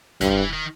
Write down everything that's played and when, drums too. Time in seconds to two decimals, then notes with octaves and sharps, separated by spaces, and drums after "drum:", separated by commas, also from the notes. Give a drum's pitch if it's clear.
0.21 G2 D3, drum: kick, hi-hat
0.30 F3
0.37 E3
0.53 D#3